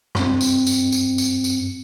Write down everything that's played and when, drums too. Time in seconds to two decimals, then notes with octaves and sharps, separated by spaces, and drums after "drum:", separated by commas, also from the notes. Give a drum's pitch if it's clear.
0.15 G2 C4, drum: rim click
0.41 drum: tambourine
0.67 drum: tambourine
0.92 drum: tambourine
1.18 drum: tambourine
1.44 drum: tambourine